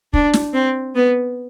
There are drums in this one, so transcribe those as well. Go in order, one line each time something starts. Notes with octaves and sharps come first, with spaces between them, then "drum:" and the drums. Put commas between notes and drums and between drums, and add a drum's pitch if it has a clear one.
D4, drum: kick
drum: snare
C4
B3